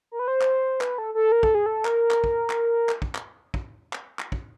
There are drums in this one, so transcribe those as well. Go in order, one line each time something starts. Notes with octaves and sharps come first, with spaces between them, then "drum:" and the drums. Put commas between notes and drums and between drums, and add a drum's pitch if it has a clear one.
A#4
B4
C5
drum: clap
B4, drum: clap
A4
A4
A#4
A4, drum: kick
G#4
A4
A#4, drum: clap
drum: clap
drum: kick
drum: clap
drum: clap
drum: kick
drum: clap
drum: kick
drum: clap
drum: clap
drum: kick